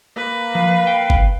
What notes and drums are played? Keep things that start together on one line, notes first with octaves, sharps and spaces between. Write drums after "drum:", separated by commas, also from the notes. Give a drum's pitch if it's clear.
A#3 B4
F3 F5
G5
drum: kick G1